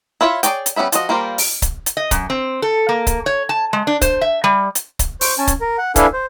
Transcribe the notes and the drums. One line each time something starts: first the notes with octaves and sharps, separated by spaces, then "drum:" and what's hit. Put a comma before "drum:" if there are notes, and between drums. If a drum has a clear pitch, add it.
E4 F4 C#5 D5 E5
G#4 B4 C#5 D5 G5, drum: hi-hat
drum: hi-hat
G3 B3 C#4 E5 B5
F3 F#4 D#5, drum: hi-hat
G3 A#3 F4 A#4 C5
drum: open hi-hat
drum: kick C#1, hi-hat
drum: hi-hat
D#5
F#2, drum: kick C#1, hi-hat
C4
A4
A#3
drum: kick C#1, hi-hat
C#5
A5
G#3
D4
C5, drum: kick C#1, hi-hat
E5
G3
drum: hi-hat
drum: kick C#1, hi-hat
C5 C#6, drum: open hi-hat
C#4 G#5 A5
drum: kick C#1, hi-hat
A#4
F#5
D4 E4 A4 B4 F5 G#5, drum: kick C#1, hi-hat
C5